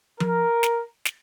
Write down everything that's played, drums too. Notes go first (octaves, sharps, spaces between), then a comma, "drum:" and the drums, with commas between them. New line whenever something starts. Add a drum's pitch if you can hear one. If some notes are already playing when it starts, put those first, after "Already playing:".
A#4, drum: tom F3
drum: snare
drum: snare